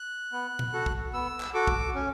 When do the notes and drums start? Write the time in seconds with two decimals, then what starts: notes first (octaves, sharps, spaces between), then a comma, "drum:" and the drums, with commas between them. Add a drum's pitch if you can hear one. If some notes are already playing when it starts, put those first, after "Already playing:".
Already playing: F#6
0.32 B3
0.59 drum: tom A#2
0.73 F#4 A4
0.86 drum: kick
1.13 B3 E6
1.40 drum: clap
1.54 F#4 A4 D6
1.67 drum: kick
1.95 C#4